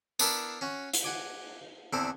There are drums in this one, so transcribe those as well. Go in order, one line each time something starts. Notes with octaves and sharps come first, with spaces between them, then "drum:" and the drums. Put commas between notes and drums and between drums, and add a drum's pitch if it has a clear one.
B3 D4 E4 A#4, drum: tambourine
C#4 F#4
drum: hi-hat
F#5 G#5 D6
E2 D3 C4 E4 D6